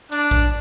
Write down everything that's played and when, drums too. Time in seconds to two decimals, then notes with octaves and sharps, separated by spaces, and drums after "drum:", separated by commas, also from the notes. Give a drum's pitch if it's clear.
0.12 D4, drum: hi-hat
0.31 drum: kick A1, hi-hat